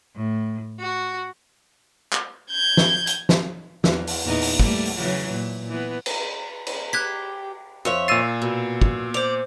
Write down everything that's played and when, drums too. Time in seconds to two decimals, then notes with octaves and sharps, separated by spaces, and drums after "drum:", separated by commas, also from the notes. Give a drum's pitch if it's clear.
0.15 A2
0.79 F#4
2.13 drum: clap
2.51 G6 G#6
2.77 drum: snare
3.07 drum: hi-hat
3.29 drum: snare
3.84 E2, drum: snare
4.07 drum: open hi-hat
4.25 E2 A#2 D#4
4.41 drum: open hi-hat
4.59 G3 A3 A#3, drum: kick
4.85 drum: open hi-hat
4.97 C#3 E3 F#3
5.31 A#2
5.69 E3 B3
6.06 drum: cymbal
6.67 drum: cymbal
6.93 G4 F#6 G#6 B6
7.85 F2 C#5 E5
8.08 A#2 E6 A6 C7 D#7
8.42 B2
8.81 drum: kick
9.14 C5 D5 F7